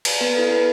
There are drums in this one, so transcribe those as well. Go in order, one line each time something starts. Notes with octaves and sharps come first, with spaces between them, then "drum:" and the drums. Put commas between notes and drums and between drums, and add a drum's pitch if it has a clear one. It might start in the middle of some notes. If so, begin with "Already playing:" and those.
drum: cymbal
B3 B4
E4 A4
B3 B4